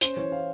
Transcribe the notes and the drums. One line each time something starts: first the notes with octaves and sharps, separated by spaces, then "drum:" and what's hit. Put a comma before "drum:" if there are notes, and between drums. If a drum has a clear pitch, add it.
C#4 C5, drum: hi-hat
E3 C#5
E4 F5